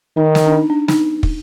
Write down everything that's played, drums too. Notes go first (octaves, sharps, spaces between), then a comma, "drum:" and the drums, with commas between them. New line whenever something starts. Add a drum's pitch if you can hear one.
D#3 D#4
drum: snare
D4
D#4
D4
D#4, drum: snare
drum: kick